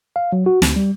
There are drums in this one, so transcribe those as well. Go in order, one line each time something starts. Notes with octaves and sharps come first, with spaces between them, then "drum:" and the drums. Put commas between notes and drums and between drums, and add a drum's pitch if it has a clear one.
F5
F#3
F#4
D2, drum: snare
G3